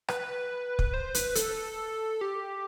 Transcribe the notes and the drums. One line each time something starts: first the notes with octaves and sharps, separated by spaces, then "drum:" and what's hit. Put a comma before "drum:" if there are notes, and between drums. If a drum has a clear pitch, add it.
B4, drum: rim click
drum: kick
C5
B4, drum: hi-hat
A4, drum: hi-hat
G4